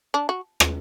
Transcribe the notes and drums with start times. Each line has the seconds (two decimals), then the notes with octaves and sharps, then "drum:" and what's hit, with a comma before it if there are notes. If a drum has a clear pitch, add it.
0.14 D4
0.29 F#4
0.60 drum: rim click